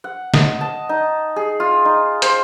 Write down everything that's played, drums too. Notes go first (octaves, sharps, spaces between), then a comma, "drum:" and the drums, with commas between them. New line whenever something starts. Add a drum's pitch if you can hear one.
F#5
D#5, drum: snare
A5
D#4
G#4
F4
D#4
C5, drum: hi-hat